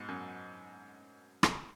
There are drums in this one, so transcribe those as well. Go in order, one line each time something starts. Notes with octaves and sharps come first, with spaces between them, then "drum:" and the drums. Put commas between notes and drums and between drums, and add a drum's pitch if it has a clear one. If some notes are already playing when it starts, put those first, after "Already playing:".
Already playing: G#2 B2
F#2
drum: rim click